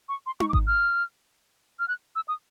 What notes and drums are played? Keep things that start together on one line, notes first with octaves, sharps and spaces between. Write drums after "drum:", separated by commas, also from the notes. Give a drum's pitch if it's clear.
C#6
C6
C#6, drum: tom D#4
D6
D#6, drum: kick G#1
F6
F6
F#6
E6
D#6